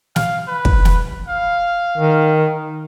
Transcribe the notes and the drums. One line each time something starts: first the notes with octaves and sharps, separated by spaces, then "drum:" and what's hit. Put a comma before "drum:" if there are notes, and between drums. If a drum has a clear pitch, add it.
F5, drum: snare
B4
drum: kick
drum: snare
F5
D#3